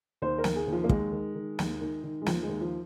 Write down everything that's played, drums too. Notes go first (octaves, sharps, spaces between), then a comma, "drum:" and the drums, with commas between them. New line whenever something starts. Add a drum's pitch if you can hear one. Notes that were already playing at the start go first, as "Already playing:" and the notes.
D#2 C5
A#4
D#2, drum: snare
G#4
D#2
F3
A#3
D#2 G#3, drum: kick
D#3
D#3
D#2, drum: snare
D#3
D#3
G#3
D#2 F3, drum: snare
G#3
D#2
F3